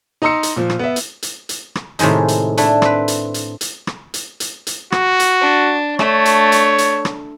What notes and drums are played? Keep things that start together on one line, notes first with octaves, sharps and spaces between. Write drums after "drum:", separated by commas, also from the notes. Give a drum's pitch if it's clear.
D#4 D#5 A#5 C6 E6 C#7
drum: hi-hat
A#2 F3
drum: rim click
B3 E5
drum: hi-hat
drum: hi-hat
drum: hi-hat
drum: rim click
A2 C3 D#3 G#3 D#4, drum: hi-hat
drum: hi-hat
A3 D4 E4, drum: hi-hat
C4 B4, drum: rim click
drum: hi-hat
drum: hi-hat
drum: hi-hat
drum: rim click
drum: hi-hat
drum: hi-hat
drum: hi-hat
F#4, drum: rim click
drum: hi-hat
D4
A3 D4 C#5, drum: rim click
drum: hi-hat
drum: hi-hat
drum: hi-hat
drum: rim click